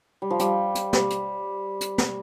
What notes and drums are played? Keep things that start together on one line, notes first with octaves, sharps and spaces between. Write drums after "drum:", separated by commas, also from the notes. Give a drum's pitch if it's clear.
G3
F3
G3, drum: hi-hat
drum: hi-hat
G3, drum: snare
drum: hi-hat
drum: hi-hat
drum: snare